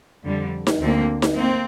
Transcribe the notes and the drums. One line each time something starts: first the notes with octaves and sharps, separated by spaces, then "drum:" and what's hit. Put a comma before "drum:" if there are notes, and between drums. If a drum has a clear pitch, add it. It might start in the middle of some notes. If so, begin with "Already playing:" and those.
F2 D3 G3
drum: snare D#4
D2 D3 A#3 C4
drum: snare D#4
A#3 C4